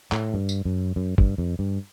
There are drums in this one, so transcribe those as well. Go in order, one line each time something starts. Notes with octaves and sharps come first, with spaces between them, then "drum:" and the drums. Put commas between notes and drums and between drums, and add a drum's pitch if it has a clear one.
A2, drum: clap
G2
drum: tambourine
F#2
F#2
G2, drum: kick
F2
G2